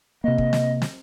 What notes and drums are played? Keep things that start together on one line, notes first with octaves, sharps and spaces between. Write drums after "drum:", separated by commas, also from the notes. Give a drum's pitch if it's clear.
C3 A#3 D#5
drum: kick
drum: snare
drum: snare